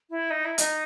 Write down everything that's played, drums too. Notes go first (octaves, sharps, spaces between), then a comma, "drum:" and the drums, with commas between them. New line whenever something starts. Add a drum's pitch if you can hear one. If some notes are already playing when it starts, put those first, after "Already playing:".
E4
D#4
E4
D#4, drum: hi-hat